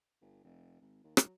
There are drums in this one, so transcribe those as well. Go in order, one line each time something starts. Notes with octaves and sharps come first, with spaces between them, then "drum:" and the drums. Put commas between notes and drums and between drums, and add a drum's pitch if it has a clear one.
G1
F1
G#1
D#2
F#3, drum: rim click